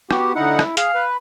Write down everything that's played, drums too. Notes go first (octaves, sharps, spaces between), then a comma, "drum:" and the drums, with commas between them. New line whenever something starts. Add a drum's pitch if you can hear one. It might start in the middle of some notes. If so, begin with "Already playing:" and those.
B3 F#4 G4, drum: rim click
D2 D#4 E4 F#5
drum: rim click
G#4 F5, drum: hi-hat
B4